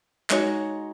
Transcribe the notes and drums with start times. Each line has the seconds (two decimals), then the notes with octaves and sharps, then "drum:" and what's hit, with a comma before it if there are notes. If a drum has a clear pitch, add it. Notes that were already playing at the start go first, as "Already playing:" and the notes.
0.30 G#3 D#4 F#4 C#5, drum: clap